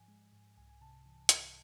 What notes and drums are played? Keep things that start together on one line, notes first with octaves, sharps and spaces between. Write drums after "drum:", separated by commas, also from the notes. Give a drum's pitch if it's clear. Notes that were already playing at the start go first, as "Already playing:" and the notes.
Already playing: G#2 F3 G#5
G#3
G#2
C2 G#5
G#5
C3 A5
E3
C2, drum: hi-hat